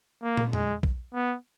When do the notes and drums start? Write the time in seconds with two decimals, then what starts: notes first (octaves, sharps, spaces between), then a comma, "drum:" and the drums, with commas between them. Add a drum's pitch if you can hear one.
0.22 A#3
0.37 drum: tom
0.53 G#3, drum: tom
0.83 drum: kick
1.14 B3